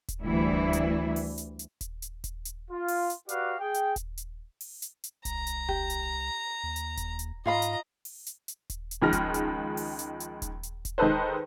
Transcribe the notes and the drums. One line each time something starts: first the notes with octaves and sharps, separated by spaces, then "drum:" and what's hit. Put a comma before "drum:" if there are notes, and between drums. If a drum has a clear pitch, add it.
drum: kick D#1, hi-hat
D2 E3 G3 E4
drum: kick D#1
drum: hi-hat
drum: open hi-hat
drum: hi-hat
drum: hi-hat
drum: kick D#1, hi-hat
drum: hi-hat
drum: kick D#1, hi-hat
drum: hi-hat
F4
drum: open hi-hat
drum: hi-hat
F#4 G4 B4 D5 F5, drum: hi-hat
G#4 G5
drum: hi-hat
drum: kick D#1, hi-hat
drum: hi-hat
drum: open hi-hat
drum: hi-hat
drum: hi-hat
C2 A#5, drum: kick D#1, hi-hat
drum: hi-hat
G4, drum: kick D#1
drum: hi-hat
D#2
drum: hi-hat
drum: kick D#1, hi-hat
drum: hi-hat
G#2 F4 D#5 F5 A#5 B5
drum: hi-hat
drum: open hi-hat
drum: hi-hat
drum: hi-hat
drum: kick D#1, hi-hat
drum: hi-hat
C#2 D#3 F3 G#3 F6 A#6
drum: kick D#1, hi-hat
drum: hi-hat
drum: open hi-hat
drum: hi-hat
drum: hi-hat
drum: kick D#1, hi-hat
drum: hi-hat
drum: kick D#1, hi-hat
D#3 G#3 D#4 A4 B4 C5